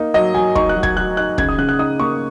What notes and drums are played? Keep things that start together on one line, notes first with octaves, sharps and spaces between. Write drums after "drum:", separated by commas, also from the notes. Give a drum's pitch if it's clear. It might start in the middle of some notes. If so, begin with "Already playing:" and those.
Already playing: A#3 D#4
F#3 D#5
F#3 G#5
D#4 C#6, drum: kick
F#6
F#3
G#6, drum: kick
F#3 F#6
D#4 F#6
C#3 G#6, drum: kick
D#6
C#3 F#6
F#6
D#4 D#6
A#3 C#6